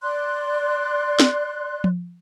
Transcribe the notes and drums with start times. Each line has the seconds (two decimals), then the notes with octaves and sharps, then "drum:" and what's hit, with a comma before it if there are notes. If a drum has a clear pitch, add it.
0.02 D5 C6 F#6
1.20 drum: snare
1.84 drum: tom F3